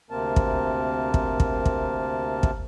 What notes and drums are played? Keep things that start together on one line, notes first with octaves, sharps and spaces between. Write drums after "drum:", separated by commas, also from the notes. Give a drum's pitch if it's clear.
D2 C3 A#3 C4 A#4 A5
drum: kick
drum: kick
drum: kick
drum: kick
drum: kick